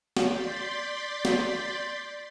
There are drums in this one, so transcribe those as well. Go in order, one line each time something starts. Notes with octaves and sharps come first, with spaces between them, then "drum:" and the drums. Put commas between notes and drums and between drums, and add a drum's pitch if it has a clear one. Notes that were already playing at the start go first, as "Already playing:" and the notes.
D5 C6 G6 A6 B6, drum: snare
drum: snare